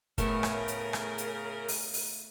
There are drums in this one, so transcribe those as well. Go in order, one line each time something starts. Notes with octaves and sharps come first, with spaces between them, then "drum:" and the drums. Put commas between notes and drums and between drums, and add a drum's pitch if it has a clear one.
A2 C#3 A3 B3 A#4, drum: kick, hi-hat
drum: rim click
drum: hi-hat
drum: rim click
drum: hi-hat
drum: open hi-hat
drum: open hi-hat